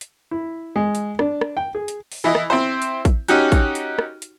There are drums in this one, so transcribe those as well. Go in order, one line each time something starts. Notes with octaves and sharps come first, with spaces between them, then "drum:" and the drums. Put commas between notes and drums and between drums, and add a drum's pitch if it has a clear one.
drum: hi-hat
E4
G#3
drum: hi-hat
D4, drum: rim click
drum: rim click
G5
G#4
drum: hi-hat
drum: open hi-hat
E3 E4 D#5
drum: rim click
C4 E4 C5
drum: hi-hat
drum: kick, hi-hat
C#4 D#4 F#4 G4, drum: hi-hat
drum: kick, hi-hat
drum: hi-hat
drum: rim click
drum: hi-hat